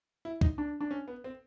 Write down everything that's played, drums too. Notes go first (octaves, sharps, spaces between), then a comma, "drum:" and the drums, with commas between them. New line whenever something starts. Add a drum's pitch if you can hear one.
E4
D#4, drum: kick C#2
D4
D4
C#4
B3
C4